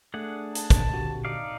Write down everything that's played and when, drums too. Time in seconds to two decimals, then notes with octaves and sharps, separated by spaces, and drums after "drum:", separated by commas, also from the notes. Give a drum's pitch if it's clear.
0.14 A3 D4 G#4 F#5
0.55 A5, drum: hi-hat
0.70 drum: kick, hi-hat
0.93 D3 F#4 G4
1.25 D#4 D5 F5